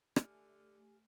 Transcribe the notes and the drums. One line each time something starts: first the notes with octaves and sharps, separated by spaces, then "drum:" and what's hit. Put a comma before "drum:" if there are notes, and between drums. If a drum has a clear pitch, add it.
D3 A3 G4 G#5 F6, drum: rim click